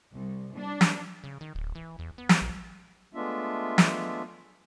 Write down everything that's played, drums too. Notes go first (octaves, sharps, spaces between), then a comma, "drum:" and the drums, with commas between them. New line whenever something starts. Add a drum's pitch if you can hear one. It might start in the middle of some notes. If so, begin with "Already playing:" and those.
C2
D4
drum: snare
C#3
D#3
D1
E3
E2
B3
drum: snare
A#1
G#3 A3 B3 D4 F4 E5
drum: snare